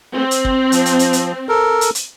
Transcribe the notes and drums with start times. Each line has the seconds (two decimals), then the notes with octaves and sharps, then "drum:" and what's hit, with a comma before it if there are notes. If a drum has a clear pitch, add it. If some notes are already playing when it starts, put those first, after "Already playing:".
0.14 C4
0.31 drum: hi-hat
0.45 drum: kick
0.72 F3, drum: hi-hat
0.86 drum: hi-hat
0.99 drum: hi-hat
1.13 drum: hi-hat
1.49 A4 A#4
1.81 drum: hi-hat
1.95 drum: hi-hat